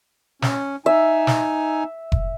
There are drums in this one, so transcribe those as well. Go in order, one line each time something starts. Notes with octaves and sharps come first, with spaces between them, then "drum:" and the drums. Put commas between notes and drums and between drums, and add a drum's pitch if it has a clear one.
C#4, drum: snare
D#4 E5 G#5
drum: snare
drum: kick F1